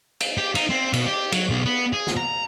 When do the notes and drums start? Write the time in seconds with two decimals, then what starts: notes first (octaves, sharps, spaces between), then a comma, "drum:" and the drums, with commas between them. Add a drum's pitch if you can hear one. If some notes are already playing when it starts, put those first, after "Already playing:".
0.20 drum: cymbal
0.38 G4
0.55 D#4, drum: cymbal
0.70 C4
0.93 B2, drum: cymbal
1.06 G4
1.32 F#3, drum: cymbal
1.50 B1
1.65 B3
1.93 G#4
2.07 drum: snare
2.17 A#5